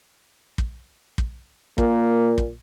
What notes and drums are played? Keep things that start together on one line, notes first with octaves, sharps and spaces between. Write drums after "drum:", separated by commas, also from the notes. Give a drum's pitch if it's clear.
drum: kick
drum: kick
A#2 A#3, drum: kick
drum: kick